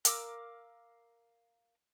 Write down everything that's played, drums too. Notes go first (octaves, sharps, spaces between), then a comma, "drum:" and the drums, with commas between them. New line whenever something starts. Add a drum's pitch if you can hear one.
A#4 F5 D6 E6, drum: hi-hat